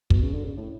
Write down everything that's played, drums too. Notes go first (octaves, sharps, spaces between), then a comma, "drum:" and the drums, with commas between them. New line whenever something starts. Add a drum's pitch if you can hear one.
B2, drum: kick
C#3
D3
C#3
A2